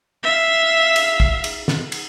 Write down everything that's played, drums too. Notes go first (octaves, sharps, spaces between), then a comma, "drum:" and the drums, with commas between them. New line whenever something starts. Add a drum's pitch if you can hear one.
E5 F5
drum: cymbal
drum: kick
drum: cymbal
drum: snare
drum: cymbal